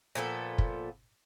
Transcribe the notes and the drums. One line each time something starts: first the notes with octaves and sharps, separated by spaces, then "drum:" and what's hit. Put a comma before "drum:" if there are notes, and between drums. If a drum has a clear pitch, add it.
A#2 F3 B3 A4
drum: kick